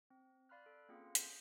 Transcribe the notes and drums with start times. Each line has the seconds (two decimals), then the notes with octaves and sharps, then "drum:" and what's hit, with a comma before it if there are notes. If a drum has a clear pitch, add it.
0.10 C4
0.49 D5 F5 B5 C6 F6 F#6
0.66 A4
0.89 A#3 C4 C#4 F4 G#4 F#5
1.15 G6, drum: hi-hat